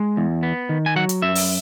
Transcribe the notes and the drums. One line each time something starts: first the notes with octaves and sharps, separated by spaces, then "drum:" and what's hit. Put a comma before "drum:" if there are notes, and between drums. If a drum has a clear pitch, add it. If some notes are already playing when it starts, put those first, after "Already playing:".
Already playing: G#3
E2
B3
D#3
G#5
F#3 F#5
drum: hi-hat
F#2 E5
drum: open hi-hat